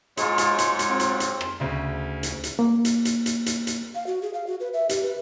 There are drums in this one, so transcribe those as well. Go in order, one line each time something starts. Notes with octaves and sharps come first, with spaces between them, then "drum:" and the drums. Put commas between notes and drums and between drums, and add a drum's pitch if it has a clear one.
G#2 F#3 G#3 F4 C#5, drum: hi-hat
drum: hi-hat
drum: hi-hat
drum: hi-hat
C4 F4
drum: hi-hat
drum: hi-hat
drum: rim click
D2 C#3
drum: hi-hat
drum: hi-hat
A#3
drum: hi-hat
drum: hi-hat
drum: hi-hat
drum: hi-hat
drum: hi-hat
F5
F#4
G#4
F5
F#4
B4
E5
G4, drum: hi-hat
B4